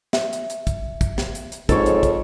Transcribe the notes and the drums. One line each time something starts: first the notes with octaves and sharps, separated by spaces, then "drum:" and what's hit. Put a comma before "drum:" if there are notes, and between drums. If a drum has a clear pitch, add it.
E5, drum: snare
drum: hi-hat
drum: hi-hat
drum: kick, hi-hat
drum: kick, hi-hat
drum: snare
drum: hi-hat
drum: hi-hat
F2 G#2 A4 C#5, drum: kick, hi-hat
drum: hi-hat
drum: kick, hi-hat